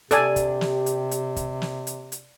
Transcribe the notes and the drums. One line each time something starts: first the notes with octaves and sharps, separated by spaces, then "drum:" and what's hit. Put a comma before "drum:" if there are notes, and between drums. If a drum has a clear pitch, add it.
C3 D4 G4 A4 D5 G#5, drum: hi-hat
drum: kick, hi-hat
drum: snare
drum: hi-hat
drum: hi-hat
drum: kick, hi-hat
drum: snare
drum: hi-hat
drum: hi-hat